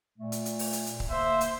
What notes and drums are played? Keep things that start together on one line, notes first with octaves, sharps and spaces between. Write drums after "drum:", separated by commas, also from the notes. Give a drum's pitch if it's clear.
A#2 A3
drum: hi-hat
drum: hi-hat
drum: open hi-hat
drum: hi-hat
drum: hi-hat
drum: kick C#1
C#3 A#3 C5 E5
drum: hi-hat